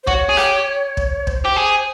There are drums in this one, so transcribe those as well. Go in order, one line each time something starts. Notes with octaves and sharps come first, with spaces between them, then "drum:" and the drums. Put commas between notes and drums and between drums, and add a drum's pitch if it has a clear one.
C5
F#4 C#5, drum: kick
G#4
G4, drum: rim click
drum: kick
C5, drum: kick
G4 C5
G#4